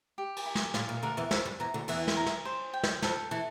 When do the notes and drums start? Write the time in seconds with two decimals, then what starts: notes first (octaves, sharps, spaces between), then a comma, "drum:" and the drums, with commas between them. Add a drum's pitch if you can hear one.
0.18 G4
0.36 drum: cymbal
0.46 E4
0.55 drum: snare
0.74 A2 F5, drum: snare
0.89 A#2
1.03 D2 D3 A#4
1.17 E2 E3
1.31 F2 F3 E5, drum: snare
1.45 G2 G3
1.60 E2 E3 A#5
1.74 D2 D3
1.88 E2 E3 E5, drum: cymbal
2.07 drum: snare
2.17 A#5
2.26 drum: snare
2.45 C5
2.73 G5
2.83 drum: snare
3.02 F2 F3 A4, drum: snare
3.31 E3 A4